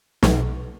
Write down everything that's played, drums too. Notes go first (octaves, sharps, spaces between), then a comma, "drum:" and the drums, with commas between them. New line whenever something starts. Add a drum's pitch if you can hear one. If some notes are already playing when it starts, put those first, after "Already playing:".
B1, drum: snare